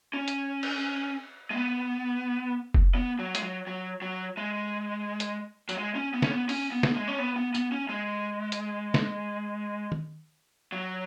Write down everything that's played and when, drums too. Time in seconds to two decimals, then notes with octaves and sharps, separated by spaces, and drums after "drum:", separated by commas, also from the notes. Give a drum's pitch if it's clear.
0.13 C#4
0.28 drum: hi-hat
0.63 drum: cymbal
1.50 G#3
1.55 B3
2.74 drum: kick F1
2.95 B3
3.19 F#3
3.35 G#3, drum: hi-hat
3.42 F#3
3.67 F#3
4.02 F#3
4.37 G#3
5.20 drum: hi-hat
5.69 F#3, drum: tambourine
5.78 G#3
5.95 C#4
6.14 B3
6.22 C#4, drum: snare
6.31 B3
6.49 C#4, drum: open hi-hat
6.72 B3
6.83 drum: snare
6.96 G#3
7.08 C#4
7.19 B3
7.36 B3
7.54 B3, drum: tambourine
7.72 C#4
7.89 G#3
8.52 drum: hi-hat
8.94 drum: snare
9.92 drum: tom
10.72 F#3